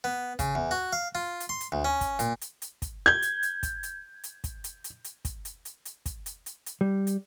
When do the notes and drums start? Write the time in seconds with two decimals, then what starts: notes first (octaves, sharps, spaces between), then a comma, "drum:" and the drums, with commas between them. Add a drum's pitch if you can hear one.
0.04 B3
0.39 C#3, drum: kick, hi-hat
0.55 E2
0.71 F#4
0.93 F5
1.15 F4
1.40 drum: hi-hat
1.49 C6
1.61 drum: hi-hat
1.72 D2
1.85 C#4
2.01 drum: kick, hi-hat
2.19 A#2, drum: hi-hat
2.41 drum: hi-hat
2.62 drum: hi-hat
2.82 drum: kick, hi-hat
3.06 G6 G#6
3.22 drum: hi-hat
3.43 drum: hi-hat
3.63 drum: kick, hi-hat
3.83 drum: hi-hat
4.24 drum: hi-hat
4.44 drum: kick, hi-hat
4.64 drum: hi-hat
4.84 drum: hi-hat
5.04 drum: hi-hat
5.25 drum: kick, hi-hat
5.45 drum: hi-hat
5.65 drum: hi-hat
5.85 drum: hi-hat
6.06 drum: kick, hi-hat
6.26 drum: hi-hat
6.46 drum: hi-hat
6.66 drum: hi-hat
6.81 G3
7.07 drum: hi-hat